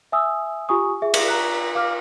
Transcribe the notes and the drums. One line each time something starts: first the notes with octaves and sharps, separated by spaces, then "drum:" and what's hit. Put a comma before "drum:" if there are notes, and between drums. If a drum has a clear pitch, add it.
E5 G#5 D#6 E6
F4 G4 G#5 C#6 D#6
G#4 E5
drum: cymbal
A#5 F#6
F5 D6 F6